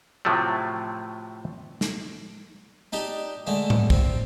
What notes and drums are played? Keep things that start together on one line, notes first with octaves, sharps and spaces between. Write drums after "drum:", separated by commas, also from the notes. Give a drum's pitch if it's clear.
A2 C3 F3 F#3 A3
drum: snare
D4 D#4 G4
D3 G#3 A3
drum: tom A2
C4, drum: kick